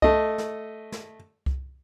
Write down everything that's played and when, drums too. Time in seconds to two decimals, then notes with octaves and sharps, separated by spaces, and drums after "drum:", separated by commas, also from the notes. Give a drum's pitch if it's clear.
0.02 A3 D#5, drum: kick C2
0.38 drum: snare
0.92 drum: snare
1.46 drum: kick C2